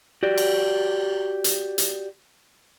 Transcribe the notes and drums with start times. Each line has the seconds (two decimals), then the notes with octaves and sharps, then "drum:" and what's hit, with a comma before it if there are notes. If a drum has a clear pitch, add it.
0.23 F#4 G4 D5
0.38 drum: cymbal
1.44 drum: hi-hat
1.78 drum: hi-hat